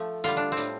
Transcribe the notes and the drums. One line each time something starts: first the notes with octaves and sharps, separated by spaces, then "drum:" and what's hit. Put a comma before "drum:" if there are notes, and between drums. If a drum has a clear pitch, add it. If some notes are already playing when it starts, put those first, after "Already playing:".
Already playing: F3 A3
D3 G3 F4, drum: hi-hat
D4
C4
A2 G3, drum: hi-hat